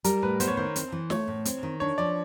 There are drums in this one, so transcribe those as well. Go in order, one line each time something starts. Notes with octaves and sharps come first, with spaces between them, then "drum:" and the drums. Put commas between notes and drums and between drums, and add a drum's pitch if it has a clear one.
G3 A#4, drum: hi-hat
A2 B4
B3 C5, drum: hi-hat
C#5
D#3 C5
C4, drum: hi-hat
E3
A3 C#5, drum: snare
A2
C4, drum: hi-hat
D#3
D4 C#5
F3 D5